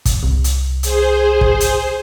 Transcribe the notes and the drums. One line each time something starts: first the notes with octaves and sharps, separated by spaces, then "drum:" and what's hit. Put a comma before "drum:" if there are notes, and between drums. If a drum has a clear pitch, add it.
drum: kick, hi-hat
C2
drum: hi-hat
G#4 C5, drum: hi-hat
drum: kick
drum: hi-hat